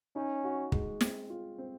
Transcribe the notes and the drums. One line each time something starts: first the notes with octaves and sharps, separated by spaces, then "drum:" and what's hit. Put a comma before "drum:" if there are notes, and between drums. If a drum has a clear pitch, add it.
C#4 D#4
F#4
G#3, drum: kick
C4, drum: snare
F4
C4